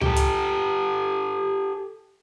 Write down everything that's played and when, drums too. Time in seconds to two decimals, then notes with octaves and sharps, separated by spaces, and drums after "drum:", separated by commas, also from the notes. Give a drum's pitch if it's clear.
0.01 G4 A4, drum: tom C#2
0.16 drum: hi-hat